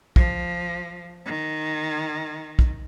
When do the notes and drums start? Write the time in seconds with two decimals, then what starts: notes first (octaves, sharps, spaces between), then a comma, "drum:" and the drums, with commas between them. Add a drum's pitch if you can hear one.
0.16 F3, drum: kick
1.26 D#3
2.59 drum: kick